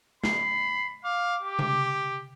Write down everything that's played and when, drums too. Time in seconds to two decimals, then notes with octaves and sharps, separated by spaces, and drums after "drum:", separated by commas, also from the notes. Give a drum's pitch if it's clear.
0.24 B5 C7, drum: snare
1.04 F5 D6
1.42 G4
1.59 drum: tom C3